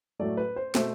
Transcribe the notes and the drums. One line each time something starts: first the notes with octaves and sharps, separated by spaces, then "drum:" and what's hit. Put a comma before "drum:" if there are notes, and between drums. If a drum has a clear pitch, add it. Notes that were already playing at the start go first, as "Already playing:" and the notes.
A2 F#3 A3 D5
B4
C5
B2 A3 C5, drum: snare